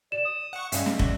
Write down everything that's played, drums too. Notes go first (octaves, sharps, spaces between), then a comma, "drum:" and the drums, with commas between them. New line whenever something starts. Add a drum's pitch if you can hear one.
D5 E7
D#6
F#5 C#6
G2 C#3 G#3 E5, drum: hi-hat
drum: snare
D4 F#4, drum: kick